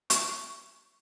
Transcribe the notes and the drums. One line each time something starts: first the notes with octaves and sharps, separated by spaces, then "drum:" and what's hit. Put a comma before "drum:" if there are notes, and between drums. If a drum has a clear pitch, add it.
C#6, drum: hi-hat